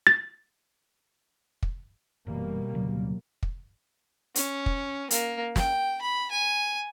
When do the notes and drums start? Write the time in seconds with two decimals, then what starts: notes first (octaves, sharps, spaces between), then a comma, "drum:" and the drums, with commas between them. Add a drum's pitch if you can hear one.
0.07 A6
1.63 drum: kick
2.27 F#1 B2 D#3 E3 G3 A#3
2.74 D1 D2 C#3 F#3
3.43 drum: kick
4.35 C#4, drum: hi-hat
4.66 drum: kick
5.11 A#3, drum: hi-hat
5.56 G5, drum: snare
6.02 B5
6.31 G#5